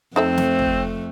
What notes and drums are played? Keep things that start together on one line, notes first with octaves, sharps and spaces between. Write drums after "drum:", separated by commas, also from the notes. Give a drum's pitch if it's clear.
F2 A3 C4 D#4 A4 E5
drum: snare
drum: kick